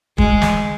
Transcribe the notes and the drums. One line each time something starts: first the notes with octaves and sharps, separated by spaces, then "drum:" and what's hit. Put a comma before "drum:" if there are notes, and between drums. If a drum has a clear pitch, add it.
G#3, drum: kick
drum: snare